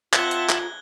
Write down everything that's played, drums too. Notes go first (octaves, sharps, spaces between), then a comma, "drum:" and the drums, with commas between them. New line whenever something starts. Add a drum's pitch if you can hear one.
C4 F4 E5 F#5 A5 F#6 G#6 G7, drum: clap
drum: hi-hat
drum: clap